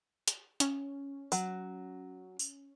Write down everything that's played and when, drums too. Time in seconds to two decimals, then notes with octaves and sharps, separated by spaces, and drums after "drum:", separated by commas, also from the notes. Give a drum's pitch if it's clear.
0.28 drum: hi-hat
0.60 C#4, drum: hi-hat
1.32 F#3, drum: tambourine
2.39 drum: tambourine